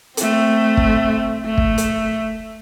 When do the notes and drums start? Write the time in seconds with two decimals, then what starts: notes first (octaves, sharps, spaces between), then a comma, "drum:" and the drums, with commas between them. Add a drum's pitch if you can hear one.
0.17 A3 C4, drum: hi-hat
0.77 drum: kick
1.45 A3
1.58 drum: kick
1.78 drum: hi-hat